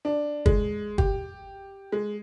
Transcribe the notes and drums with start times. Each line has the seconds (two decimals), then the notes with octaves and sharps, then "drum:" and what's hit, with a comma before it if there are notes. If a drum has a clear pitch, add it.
0.05 D4
0.46 G#3, drum: kick
0.98 G4, drum: kick
1.92 G#3